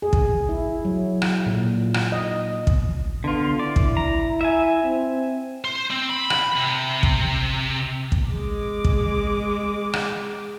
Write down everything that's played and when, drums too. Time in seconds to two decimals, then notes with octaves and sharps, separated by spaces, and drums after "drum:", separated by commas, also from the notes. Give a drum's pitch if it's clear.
0.02 G#4
0.13 drum: kick
0.49 E4
0.85 F#3
1.22 drum: rim click
1.46 A#2
1.94 drum: rim click
2.12 D#5
2.67 drum: kick
3.24 D3 B3 F4
3.59 E4 D5
3.76 drum: kick
3.97 A#5
4.41 E5 G#5
4.84 C4
5.64 C5
5.91 C4
6.10 B5
6.30 drum: rim click
6.57 C3
7.03 drum: kick
8.12 drum: kick
8.32 G#3 D6
8.84 drum: kick
9.93 drum: rim click